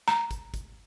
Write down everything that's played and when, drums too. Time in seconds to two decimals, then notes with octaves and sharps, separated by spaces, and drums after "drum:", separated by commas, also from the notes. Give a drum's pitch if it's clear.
0.08 A#5, drum: hi-hat
0.31 drum: kick G1, hi-hat
0.54 drum: kick G1, hi-hat